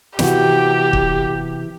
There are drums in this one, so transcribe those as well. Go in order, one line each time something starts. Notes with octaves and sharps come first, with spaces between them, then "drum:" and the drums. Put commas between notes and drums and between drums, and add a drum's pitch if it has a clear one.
C3 E3 B3 F#4 G4, drum: snare
drum: kick